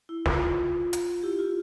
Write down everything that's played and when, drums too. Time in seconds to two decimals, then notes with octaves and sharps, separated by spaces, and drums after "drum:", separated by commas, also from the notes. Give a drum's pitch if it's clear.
0.09 E4
0.26 F4, drum: snare
0.93 drum: hi-hat
1.23 E4 G4
1.39 F4